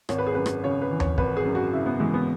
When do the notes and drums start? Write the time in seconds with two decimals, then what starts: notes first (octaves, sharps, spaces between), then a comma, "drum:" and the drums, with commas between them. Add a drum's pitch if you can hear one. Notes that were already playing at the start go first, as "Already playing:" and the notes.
0.09 G#1 C#5, drum: rim click
0.18 B4
0.27 G#4
0.35 F#2 B4
0.46 drum: rim click
0.64 C#3 C#5
0.82 B4
0.91 E3
1.00 C#5, drum: tom D#2
1.18 G#1 B4, drum: kick
1.37 G#4
1.45 F#2
1.55 F#4
1.73 C#3 E4
1.86 B3
2.00 E3 G#3
2.14 B3